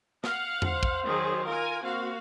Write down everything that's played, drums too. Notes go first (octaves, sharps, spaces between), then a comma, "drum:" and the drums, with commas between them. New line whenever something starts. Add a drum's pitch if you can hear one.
F5 F#5, drum: snare
C5, drum: tom E2
drum: kick
D#3 F#3 G#4
F4 A#4 G#5
A#3 C4 F#4 F5